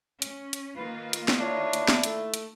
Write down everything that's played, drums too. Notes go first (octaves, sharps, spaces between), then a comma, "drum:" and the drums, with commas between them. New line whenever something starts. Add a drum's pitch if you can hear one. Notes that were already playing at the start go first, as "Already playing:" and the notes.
C#4, drum: hi-hat
drum: hi-hat
D#3 A#3 F4 B4
drum: hi-hat
drum: snare
D4 E4 C#5
drum: hi-hat
drum: snare
A3, drum: hi-hat
drum: hi-hat